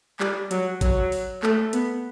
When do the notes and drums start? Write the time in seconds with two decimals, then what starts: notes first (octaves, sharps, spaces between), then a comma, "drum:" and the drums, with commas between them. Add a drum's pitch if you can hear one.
0.20 G3, drum: clap
0.51 F#3, drum: hi-hat
0.81 F#3, drum: kick G#1, hi-hat
1.12 drum: open hi-hat
1.43 A3, drum: clap
1.73 B3, drum: hi-hat